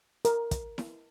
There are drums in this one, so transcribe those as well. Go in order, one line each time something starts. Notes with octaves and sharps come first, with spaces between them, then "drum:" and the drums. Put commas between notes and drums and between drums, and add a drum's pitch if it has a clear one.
A#4, drum: hi-hat
drum: kick, hi-hat
drum: snare E4